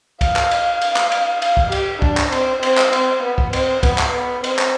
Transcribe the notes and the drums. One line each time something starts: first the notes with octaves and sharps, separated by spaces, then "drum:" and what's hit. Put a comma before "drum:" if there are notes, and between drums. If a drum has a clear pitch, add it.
F5, drum: kick, cymbal
drum: clap
drum: cymbal
drum: cymbal
drum: clap
drum: cymbal
F5, drum: cymbal
drum: kick
G4, drum: cymbal
D4, drum: kick
drum: clap
C4, drum: cymbal
C4, drum: cymbal
drum: clap
C4, drum: cymbal
B3
drum: kick
C4, drum: cymbal
B3, drum: kick, cymbal
drum: clap
B3
C4, drum: cymbal
drum: clap